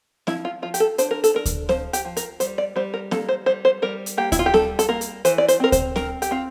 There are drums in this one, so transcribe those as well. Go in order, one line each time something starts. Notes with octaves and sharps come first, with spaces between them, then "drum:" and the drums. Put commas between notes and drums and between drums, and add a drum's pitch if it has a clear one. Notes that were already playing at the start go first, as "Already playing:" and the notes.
F3 E4, drum: snare C4
F4
F3 F4
G4, drum: hi-hat
A4
D4 C5, drum: hi-hat
A#4
A4, drum: hi-hat
D4 A#4
drum: kick D2, hi-hat
F3 C5, drum: snare C4
G4, drum: hi-hat
F3
A#4, drum: hi-hat
G3 C5, drum: hi-hat
D5
G3 C5
A#4
A#3 A4, drum: snare C4
C5
G3 C5
C5
G3 A#4
drum: hi-hat
A#3 G4
E4, drum: kick D2, hi-hat
F4
G4
G3 A4, drum: snare C4
A4, drum: hi-hat
A#3 A#4
drum: hi-hat
E3 C5, drum: hi-hat
D5
C5, drum: hi-hat
C4 A#4
C5, drum: kick D2, hi-hat
C4 A#4, drum: snare C4
G4, drum: hi-hat
C4 F4